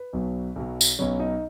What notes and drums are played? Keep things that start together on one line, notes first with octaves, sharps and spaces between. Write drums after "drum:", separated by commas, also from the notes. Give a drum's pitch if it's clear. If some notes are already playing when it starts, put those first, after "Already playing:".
Already playing: B4
B1 B2 F#3
B1 B2 F#3
drum: tambourine
B1 B2 F#3 C#4 C#5
D#4 D#5